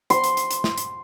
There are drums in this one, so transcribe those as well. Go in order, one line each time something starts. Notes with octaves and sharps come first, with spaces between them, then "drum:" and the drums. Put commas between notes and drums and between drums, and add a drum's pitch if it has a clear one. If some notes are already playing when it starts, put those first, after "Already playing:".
C6, drum: hi-hat
drum: hi-hat
drum: hi-hat
drum: hi-hat
drum: snare
drum: hi-hat